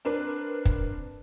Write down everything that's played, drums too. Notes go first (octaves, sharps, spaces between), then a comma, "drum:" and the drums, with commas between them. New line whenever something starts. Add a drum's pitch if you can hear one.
C4 D4 A#4 B4
drum: kick